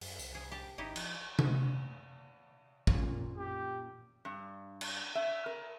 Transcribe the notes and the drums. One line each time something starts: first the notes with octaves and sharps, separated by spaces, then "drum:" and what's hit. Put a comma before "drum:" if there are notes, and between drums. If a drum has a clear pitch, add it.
F#2, drum: open hi-hat
C2, drum: tambourine
G#4
G4 A5
G#1 D#4 E4 G4
F3, drum: cymbal
drum: tom C3
A#2 C#4 F4, drum: kick
G4
G2
drum: cymbal
E5
A#4